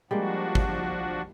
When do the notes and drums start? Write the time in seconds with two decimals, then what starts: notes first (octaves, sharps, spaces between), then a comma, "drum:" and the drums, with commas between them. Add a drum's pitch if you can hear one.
0.11 F3 G3 G#3 A#3 D4 F#4
0.55 drum: kick G#1